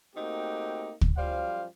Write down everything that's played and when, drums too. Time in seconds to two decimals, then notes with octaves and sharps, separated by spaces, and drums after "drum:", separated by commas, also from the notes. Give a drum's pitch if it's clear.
0.15 A3 A#3 C4 D#4 F#4 G4
1.01 drum: kick
1.17 F#2 F3 G3 C5 F5